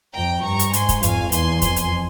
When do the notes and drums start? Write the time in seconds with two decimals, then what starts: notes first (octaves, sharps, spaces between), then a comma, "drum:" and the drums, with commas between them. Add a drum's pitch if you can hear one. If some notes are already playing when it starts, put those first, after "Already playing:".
0.15 F2 G5 A#5
0.44 G2 A#5 C#6
0.59 drum: hi-hat
0.73 G#2 G#5 C6, drum: hi-hat
0.89 drum: kick, hi-hat
1.03 F2 F5 G#5, drum: hi-hat
1.32 E2 G#5 C6, drum: hi-hat
1.62 F2 G#5 C6, drum: kick, hi-hat
1.76 drum: hi-hat